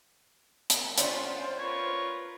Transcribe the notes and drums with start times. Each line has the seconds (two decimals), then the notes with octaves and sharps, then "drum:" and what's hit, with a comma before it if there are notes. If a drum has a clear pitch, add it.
0.70 drum: hi-hat
0.98 B3 C#4 D4 F4 C5, drum: hi-hat
1.59 F4 A#4 B4 C#5